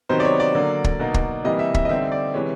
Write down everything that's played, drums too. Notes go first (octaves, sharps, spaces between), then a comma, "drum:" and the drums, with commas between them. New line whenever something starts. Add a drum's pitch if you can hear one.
C3 D#3 F#3 B3 D#4 C5
D5
C#5
D5
D3 F#3 A#3 D4
drum: kick
B2 F#3 A#3 D#4
drum: kick
C3 E3 G3 A#3 D#5
E5
E5, drum: kick
D#5
D3 G3 C4 D#4 E5
D5
C3 E3 G#3 C#5